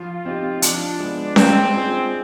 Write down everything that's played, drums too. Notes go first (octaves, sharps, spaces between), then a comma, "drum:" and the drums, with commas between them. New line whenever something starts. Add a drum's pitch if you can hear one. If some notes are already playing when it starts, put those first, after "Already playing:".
Already playing: F3 F4
C4 D#4 G4
F3 D4, drum: hi-hat
G#3 B3
G#3 C4, drum: snare C#4
D4 F4 G#4 C5